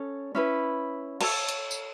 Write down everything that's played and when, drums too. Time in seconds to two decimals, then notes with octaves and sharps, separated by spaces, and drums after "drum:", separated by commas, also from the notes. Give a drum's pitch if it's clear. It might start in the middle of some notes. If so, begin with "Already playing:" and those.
Already playing: C#4 A4 C#5
0.35 C#4 E4 B4
1.21 A4 C#5 A5, drum: cymbal
1.49 drum: hi-hat
1.71 drum: tambourine